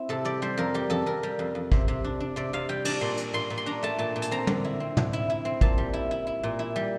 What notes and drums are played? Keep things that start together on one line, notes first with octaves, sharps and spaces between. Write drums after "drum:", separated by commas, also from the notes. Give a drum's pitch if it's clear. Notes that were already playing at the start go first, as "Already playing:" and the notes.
Already playing: C4 E4
C3 A4
G3 D5
G3 C5
F2 A#4
G3 G4
F2 A4
F2 A#4
G3
F2
F2
C3, drum: kick
C3
D4
D4
C3 D5
C3 F5
G3 G5
D4 A5, drum: cymbal
A#2 C6
D4, drum: hi-hat
A#2 C6
A#2
C6
D4 A#5
A3 A5
A#2 A5
A#2
A5, drum: hi-hat
C4 A#5
D3, drum: tom
E4
C4
D3, drum: tom
E4
E4
C4
A#2 A5, drum: kick
G3
E4
E4
E4
A#2
E4
G3